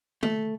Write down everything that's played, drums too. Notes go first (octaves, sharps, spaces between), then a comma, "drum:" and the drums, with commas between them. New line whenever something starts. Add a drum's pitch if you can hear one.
A3, drum: tom